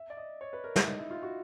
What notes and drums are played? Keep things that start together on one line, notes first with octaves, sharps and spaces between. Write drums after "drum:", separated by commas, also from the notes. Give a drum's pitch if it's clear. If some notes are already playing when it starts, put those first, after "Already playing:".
Already playing: E5
D5
D#5
C#5
B4
A#4
E4, drum: snare
D#4
E4
F4
F#4